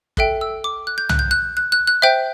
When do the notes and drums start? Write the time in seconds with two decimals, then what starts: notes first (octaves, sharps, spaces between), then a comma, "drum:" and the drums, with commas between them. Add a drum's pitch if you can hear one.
0.17 A4 E5 G5 F#6, drum: kick
0.41 E6
0.64 D6
0.87 F#6
0.98 G6
1.09 F#6, drum: tom C2
1.19 G6
1.31 F#6
1.57 F#6
1.72 F#6
1.87 F#6
2.02 C5 E5 G5 G6